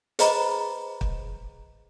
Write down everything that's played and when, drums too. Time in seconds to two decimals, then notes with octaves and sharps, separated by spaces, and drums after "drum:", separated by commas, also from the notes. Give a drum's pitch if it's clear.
0.19 G#4 B4 C5 D#5 A#5 B5, drum: hi-hat
1.01 drum: kick